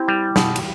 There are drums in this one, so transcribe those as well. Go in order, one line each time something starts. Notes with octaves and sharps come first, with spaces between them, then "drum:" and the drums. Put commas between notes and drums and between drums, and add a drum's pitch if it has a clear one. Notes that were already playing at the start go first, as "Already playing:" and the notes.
Already playing: C4 E4 G4
G3
B2, drum: snare
drum: cymbal